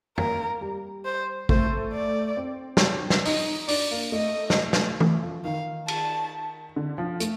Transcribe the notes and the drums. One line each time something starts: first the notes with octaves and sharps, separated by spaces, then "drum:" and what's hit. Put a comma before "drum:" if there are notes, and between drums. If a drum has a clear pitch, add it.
A#3 A#4, drum: tom
G3
C5
A3 C5, drum: kick
D5
C4
drum: snare
drum: snare
D#4 D#5, drum: open hi-hat
D4 D5, drum: open hi-hat
A#3
A3 D#5
drum: snare
drum: snare
A3, drum: tom E3
F3
D#3 F5
A5, drum: cymbal
D3
F3
A3, drum: hi-hat